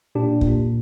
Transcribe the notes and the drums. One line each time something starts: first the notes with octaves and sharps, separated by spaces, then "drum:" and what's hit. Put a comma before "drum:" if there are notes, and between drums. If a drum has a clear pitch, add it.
A#2 D4 G4
A#2, drum: kick